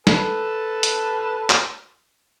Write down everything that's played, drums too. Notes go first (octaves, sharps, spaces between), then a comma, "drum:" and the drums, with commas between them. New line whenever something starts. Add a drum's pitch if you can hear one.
A4 B4 A5, drum: snare
drum: hi-hat
drum: clap